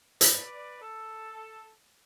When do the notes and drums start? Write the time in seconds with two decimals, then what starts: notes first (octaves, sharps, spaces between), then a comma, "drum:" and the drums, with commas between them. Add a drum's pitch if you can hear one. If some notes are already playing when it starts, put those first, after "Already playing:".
0.21 B4 D5, drum: hi-hat
0.82 A4